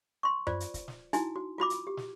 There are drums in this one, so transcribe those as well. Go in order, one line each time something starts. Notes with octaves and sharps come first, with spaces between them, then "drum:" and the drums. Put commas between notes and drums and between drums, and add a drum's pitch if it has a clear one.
C6 C#6
F4 C5 D5, drum: tom F#2
drum: hi-hat
drum: kick, hi-hat
drum: snare
D#4 E4 F#4 G#5, drum: hi-hat
F#4
F4 F#4 B5 D6
drum: hi-hat
G4
drum: snare